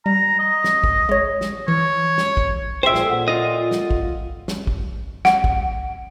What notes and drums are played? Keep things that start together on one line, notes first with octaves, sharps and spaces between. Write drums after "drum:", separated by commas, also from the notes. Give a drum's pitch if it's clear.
G3 A#5
D#5
drum: snare
drum: kick
G#3 C#5
drum: snare
E3 C#5
drum: snare
drum: kick
A#2 G#4 C5 E5 G5 C7 D7
drum: snare
A#2 A4 F#5
F4 D#5
drum: snare
drum: kick
drum: snare
drum: kick
F#5, drum: snare
drum: kick